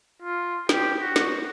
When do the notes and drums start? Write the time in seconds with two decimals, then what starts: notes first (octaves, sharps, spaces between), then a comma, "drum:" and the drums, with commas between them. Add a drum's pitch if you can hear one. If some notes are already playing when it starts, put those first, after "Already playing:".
0.22 F4
0.69 G4, drum: snare
1.01 F#4
1.16 drum: snare